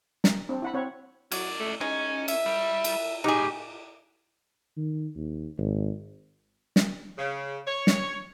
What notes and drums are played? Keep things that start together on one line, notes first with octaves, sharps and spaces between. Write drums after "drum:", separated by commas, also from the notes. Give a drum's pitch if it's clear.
A#5, drum: snare
C4 D4
E4 F#5 B5
C4 C#5 F#5
F#3 C#4 D5, drum: cymbal
A3
G#3 C#4 D#4
E5, drum: cymbal
G3
drum: cymbal
B1 A2 D#4 G4 G#4
D#3
D#2
G#1
drum: snare
C#3
C#5
drum: snare